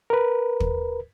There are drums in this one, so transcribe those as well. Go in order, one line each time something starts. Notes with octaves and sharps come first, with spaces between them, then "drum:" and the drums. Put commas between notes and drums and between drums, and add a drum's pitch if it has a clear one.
A#4 B4
drum: kick